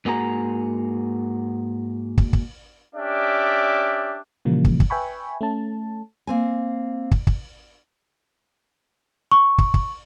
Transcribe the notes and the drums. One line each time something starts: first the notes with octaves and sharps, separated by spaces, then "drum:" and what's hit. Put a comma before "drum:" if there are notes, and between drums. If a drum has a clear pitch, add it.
G#2 A#3 F#4 G#4 A#4 A#5
drum: kick
drum: kick
C#4 D4 G4 D5 E5
A#2 C#3 E3 F3 G3 A#3
drum: kick
drum: kick
B4 E5 G5 G#5 B5 C#6
A3 C#4 A5
A#3 C4 G#5
drum: kick
drum: kick
C#6
drum: kick
drum: kick